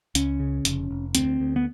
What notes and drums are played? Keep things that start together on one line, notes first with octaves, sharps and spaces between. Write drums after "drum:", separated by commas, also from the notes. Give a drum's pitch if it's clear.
C#2 C#4, drum: hi-hat
C#3
F1, drum: hi-hat
F1
D2 C4, drum: hi-hat
D2
B3